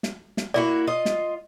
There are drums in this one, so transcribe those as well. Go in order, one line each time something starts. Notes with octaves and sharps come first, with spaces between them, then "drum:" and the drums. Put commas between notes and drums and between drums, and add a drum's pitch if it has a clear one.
drum: snare
drum: snare
A#3 E4 F#4 D5
F4 D#5
drum: snare